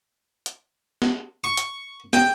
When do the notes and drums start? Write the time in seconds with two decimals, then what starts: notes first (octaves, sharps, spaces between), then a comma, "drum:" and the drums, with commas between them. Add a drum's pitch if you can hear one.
0.46 drum: hi-hat
1.02 drum: snare
1.44 C#6
1.57 drum: hi-hat
2.13 G5, drum: snare